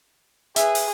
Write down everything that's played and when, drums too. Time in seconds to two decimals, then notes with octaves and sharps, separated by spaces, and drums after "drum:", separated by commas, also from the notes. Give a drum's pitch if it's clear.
0.56 G#4 B4 E5, drum: hi-hat
0.75 drum: open hi-hat